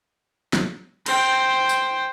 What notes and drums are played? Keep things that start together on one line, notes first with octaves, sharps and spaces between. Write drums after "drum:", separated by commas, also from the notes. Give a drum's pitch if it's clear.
drum: snare
C5 G5, drum: cymbal
drum: tambourine